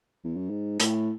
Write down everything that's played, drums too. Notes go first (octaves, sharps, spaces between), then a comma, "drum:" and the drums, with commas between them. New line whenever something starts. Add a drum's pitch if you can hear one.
E2
F#2
G#2
A2, drum: hi-hat